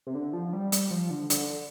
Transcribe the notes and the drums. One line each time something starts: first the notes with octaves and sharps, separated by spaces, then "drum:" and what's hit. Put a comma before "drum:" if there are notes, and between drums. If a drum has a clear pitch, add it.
C3
D3
F3
G3
G3, drum: hi-hat
F3
D3
D3, drum: hi-hat